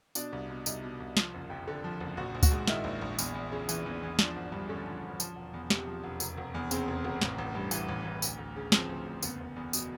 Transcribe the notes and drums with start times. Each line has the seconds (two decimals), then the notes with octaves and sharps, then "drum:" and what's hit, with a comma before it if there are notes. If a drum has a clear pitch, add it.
0.15 B2 D4, drum: tambourine
0.32 C2
0.50 B2
0.66 C2 D#4, drum: tambourine
0.83 B2
1.00 C2
1.17 F3, drum: snare
1.34 F#1
1.50 F2
1.67 D3
1.84 F3
2.00 F#1
2.17 A#1 F#4
2.35 A#1
2.43 F#4, drum: kick C#2, tambourine
2.52 G#2
2.68 D#3 E4, drum: snare
2.84 A#1
3.01 A#1
3.19 E2, drum: tambourine
3.35 E2
3.52 C#3
3.69 E3, drum: tambourine
3.86 E2
4.03 E2
4.19 F3 D4, drum: snare
4.36 G#1
4.52 G2
4.69 D3 C#4
4.86 F3
5.02 G#1
5.20 F3, drum: tambourine
5.36 E1
5.54 E2
5.70 C3, drum: snare
5.87 F3
6.04 E1
6.20 F1, drum: tambourine
6.37 F1
6.54 E2
6.71 C#3 C4, drum: tambourine
6.88 F1
7.04 F1
7.21 A1, drum: snare
7.38 A1
7.55 G2
7.71 E3, drum: tambourine
7.88 A1
8.05 A1
8.22 D2, drum: tambourine
8.38 D2
8.56 C#3
8.72 F3 C4, drum: snare
8.89 D2
9.06 D2
9.23 F#1 B3, drum: tambourine
9.40 F#1
9.56 E2
9.73 B2, drum: tambourine